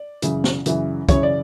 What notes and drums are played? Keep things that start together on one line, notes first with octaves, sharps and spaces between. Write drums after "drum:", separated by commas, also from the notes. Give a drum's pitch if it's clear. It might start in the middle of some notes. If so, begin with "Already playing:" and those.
Already playing: D5
F#2 C#3 E3, drum: hi-hat
drum: snare
F#2 C#3 E3, drum: hi-hat
F#2 C#3 E3 C#5, drum: kick, hi-hat
D5